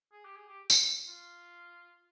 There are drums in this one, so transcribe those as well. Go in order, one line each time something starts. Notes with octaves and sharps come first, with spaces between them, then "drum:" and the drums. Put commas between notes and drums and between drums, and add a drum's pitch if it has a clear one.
G#4
G4
G#4
G4
drum: tambourine
F4